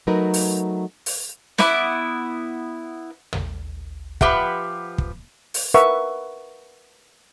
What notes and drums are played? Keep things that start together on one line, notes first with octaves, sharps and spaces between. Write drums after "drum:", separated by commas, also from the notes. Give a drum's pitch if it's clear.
F#3 A3 D#4 A#4 B4
drum: open hi-hat
drum: open hi-hat
B3 E4 D6, drum: snare
drum: tom
F3 G4 B4 E5 F#5, drum: kick
drum: kick
drum: open hi-hat
A#4 B4 E5 F#5 C#6